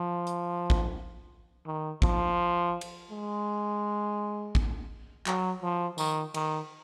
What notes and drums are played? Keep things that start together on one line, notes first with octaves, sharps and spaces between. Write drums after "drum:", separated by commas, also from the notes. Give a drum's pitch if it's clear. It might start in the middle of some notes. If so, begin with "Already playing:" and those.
Already playing: F3
drum: hi-hat
drum: kick
D#3
F3, drum: kick
drum: cymbal
G#3
drum: kick
F#3, drum: clap
F3
D#3, drum: tambourine
D#3, drum: cymbal